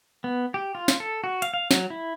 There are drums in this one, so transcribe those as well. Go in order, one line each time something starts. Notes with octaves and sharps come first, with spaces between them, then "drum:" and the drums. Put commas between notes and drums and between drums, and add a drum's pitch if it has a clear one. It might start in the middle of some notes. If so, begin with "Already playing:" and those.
B3
G4
F4
drum: snare
A4
F#4
F5, drum: hi-hat
F5
F#3, drum: snare
E4